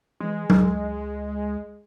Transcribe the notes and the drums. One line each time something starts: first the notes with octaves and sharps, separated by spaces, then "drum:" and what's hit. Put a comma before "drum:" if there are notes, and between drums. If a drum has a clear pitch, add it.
E3 G#3
C#2, drum: tom F#3